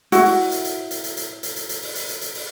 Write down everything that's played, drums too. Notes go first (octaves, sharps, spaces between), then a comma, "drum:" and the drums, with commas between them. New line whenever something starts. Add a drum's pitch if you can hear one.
E4 F#4, drum: hi-hat
drum: open hi-hat
drum: hi-hat
drum: hi-hat
drum: hi-hat
drum: hi-hat
drum: hi-hat
drum: hi-hat
drum: hi-hat
drum: hi-hat
drum: open hi-hat
drum: hi-hat
drum: hi-hat
drum: hi-hat
drum: open hi-hat